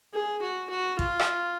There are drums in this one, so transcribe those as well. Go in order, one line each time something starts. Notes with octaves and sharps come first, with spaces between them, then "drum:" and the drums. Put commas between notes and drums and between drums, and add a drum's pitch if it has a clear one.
G#4
F#4
F#4
F4, drum: kick A1
drum: rim click